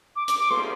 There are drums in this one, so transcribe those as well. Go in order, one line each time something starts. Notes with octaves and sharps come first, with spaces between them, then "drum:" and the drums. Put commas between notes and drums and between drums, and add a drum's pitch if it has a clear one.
D6
D6, drum: hi-hat
D6
C6, drum: cymbal